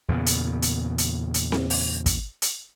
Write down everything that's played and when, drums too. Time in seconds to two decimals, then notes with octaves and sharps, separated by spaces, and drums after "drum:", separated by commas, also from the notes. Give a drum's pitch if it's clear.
0.08 E2 A#2 C#3 B3
0.26 drum: hi-hat
0.62 drum: hi-hat
0.98 drum: hi-hat
1.34 drum: hi-hat
1.52 drum: snare C4
1.70 drum: open hi-hat
2.06 drum: kick, hi-hat
2.42 drum: hi-hat